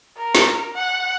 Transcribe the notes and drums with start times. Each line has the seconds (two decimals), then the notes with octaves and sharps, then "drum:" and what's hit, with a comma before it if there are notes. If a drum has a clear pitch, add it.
0.17 A#4
0.35 drum: snare
0.74 F#5